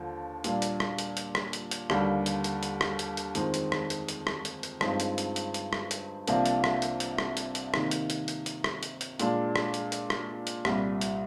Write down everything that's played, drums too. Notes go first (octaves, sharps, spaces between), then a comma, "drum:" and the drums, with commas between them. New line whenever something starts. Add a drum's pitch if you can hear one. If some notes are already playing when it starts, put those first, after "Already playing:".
Already playing: D#2 D3 F3
A#2 G3 A#3 D4, drum: hi-hat
drum: hi-hat
drum: rim click
drum: hi-hat
drum: hi-hat
drum: rim click
drum: hi-hat
drum: hi-hat
D#2 D3 G3 A#3, drum: rim click
drum: hi-hat
drum: hi-hat
drum: hi-hat
drum: rim click
drum: hi-hat
drum: hi-hat
F2 D#3 G#3 C4, drum: hi-hat
drum: hi-hat
drum: rim click
drum: hi-hat
drum: hi-hat
drum: rim click
drum: hi-hat
drum: hi-hat
G2 F3 G#3 C4 D#4, drum: rim click
drum: hi-hat
drum: hi-hat
drum: hi-hat
drum: hi-hat
drum: rim click
drum: hi-hat
C2 C3 F3 A#3 D4, drum: hi-hat
drum: hi-hat
drum: rim click
drum: hi-hat
drum: hi-hat
drum: rim click
drum: hi-hat
drum: hi-hat
C3 D#3 A#3 D#4, drum: rim click
drum: hi-hat
drum: hi-hat
drum: hi-hat
drum: hi-hat
drum: rim click
drum: hi-hat
drum: hi-hat
A#2 G#3 D4, drum: hi-hat
drum: rim click
drum: hi-hat
drum: hi-hat
drum: rim click
drum: hi-hat
C2 A#2 G3, drum: rim click
drum: hi-hat